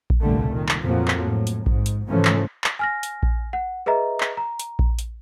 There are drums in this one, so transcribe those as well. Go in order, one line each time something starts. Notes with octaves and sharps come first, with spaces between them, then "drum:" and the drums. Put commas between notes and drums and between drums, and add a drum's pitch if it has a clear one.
drum: kick A#1
F1 C#2 A#2 D3 G3 A3
A#2 D#3
drum: clap
F2 A#2 F3 F#3 A#3
drum: clap
A2
drum: hi-hat
G#2, drum: kick A#1
drum: hi-hat
G#2 C#3 E3 F3 A3 C#4
drum: clap
drum: clap
G#5 F6 A#6
drum: hi-hat
drum: kick A#1
F#5
G#4 B4 D#5 E5 A#5
drum: clap
A#5
drum: hi-hat
drum: kick A#1
drum: hi-hat